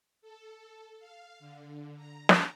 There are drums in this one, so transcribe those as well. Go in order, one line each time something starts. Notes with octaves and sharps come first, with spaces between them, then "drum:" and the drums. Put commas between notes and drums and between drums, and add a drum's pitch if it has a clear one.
A4
F5
D3
A#5
drum: snare